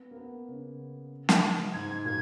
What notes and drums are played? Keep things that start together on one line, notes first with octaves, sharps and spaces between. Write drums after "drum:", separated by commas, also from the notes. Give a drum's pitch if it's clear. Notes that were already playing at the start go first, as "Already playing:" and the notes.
Already playing: B3
A#3
B3
C#3
drum: snare
G#2 G#6
A#2 G#6